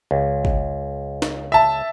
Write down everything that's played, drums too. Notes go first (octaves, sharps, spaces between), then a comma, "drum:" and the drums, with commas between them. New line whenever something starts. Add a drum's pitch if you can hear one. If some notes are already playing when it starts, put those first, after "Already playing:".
C#2
drum: kick
drum: snare
E5 A5